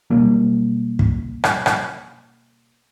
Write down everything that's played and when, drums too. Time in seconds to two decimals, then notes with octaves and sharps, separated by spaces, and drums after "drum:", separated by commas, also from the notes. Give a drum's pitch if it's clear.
0.10 B2 F#3 G3 A#3
0.99 drum: kick
1.44 drum: rim click
1.66 drum: rim click